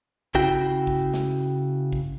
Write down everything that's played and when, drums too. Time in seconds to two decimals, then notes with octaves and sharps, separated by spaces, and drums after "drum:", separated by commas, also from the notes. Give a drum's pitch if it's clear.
0.35 C#3 E4 F#4 G5, drum: kick
0.87 drum: kick
1.14 drum: snare
1.93 drum: kick